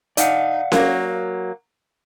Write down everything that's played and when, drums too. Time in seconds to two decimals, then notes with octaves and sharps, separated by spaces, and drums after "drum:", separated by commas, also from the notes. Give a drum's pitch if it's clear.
0.17 D#4 D5 F5 F#5, drum: hi-hat
0.72 F#3 A#3, drum: snare C#4